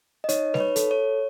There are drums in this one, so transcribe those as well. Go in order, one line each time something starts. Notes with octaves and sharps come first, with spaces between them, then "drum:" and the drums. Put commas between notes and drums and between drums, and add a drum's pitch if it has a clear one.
D#5
D#4 C#5, drum: hi-hat
B4, drum: snare G3
C#5
A4, drum: hi-hat
C#5